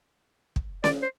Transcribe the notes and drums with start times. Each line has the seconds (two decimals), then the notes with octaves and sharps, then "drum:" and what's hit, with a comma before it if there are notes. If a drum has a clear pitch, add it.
0.56 drum: kick
0.84 D5, drum: snare C#4
1.02 C5